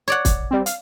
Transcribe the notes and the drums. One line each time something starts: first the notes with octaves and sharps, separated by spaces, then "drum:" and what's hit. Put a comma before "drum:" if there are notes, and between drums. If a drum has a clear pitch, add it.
C#5 D5 F#5
drum: kick, hi-hat
G3 C4
F5, drum: hi-hat